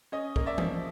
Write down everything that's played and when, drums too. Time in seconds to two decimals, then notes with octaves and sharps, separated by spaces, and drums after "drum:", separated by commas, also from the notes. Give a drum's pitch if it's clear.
0.12 C#4 D#5
0.36 A#3, drum: kick B1
0.46 D5 E5
0.58 F3, drum: tom E3